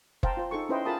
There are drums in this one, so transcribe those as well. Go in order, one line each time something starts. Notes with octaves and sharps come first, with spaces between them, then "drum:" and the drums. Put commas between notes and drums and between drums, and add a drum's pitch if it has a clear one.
C5 F5 G5 A5 A#5, drum: kick F#1
F4 C5
D#4 G#4 A4 C#6
C#4 E4 B4 C5 D#5 G5
F4 G#4 A#4 A5 B5 D#6